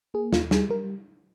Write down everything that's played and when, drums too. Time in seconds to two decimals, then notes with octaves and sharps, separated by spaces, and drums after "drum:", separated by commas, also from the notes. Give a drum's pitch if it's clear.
0.14 A#3 G#4
0.33 D#2 F4, drum: snare
0.51 G3 G#4, drum: snare
0.70 G3 A#4